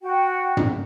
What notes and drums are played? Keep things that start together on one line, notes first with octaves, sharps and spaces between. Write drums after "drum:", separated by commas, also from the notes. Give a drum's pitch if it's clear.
F#4 G5
drum: tom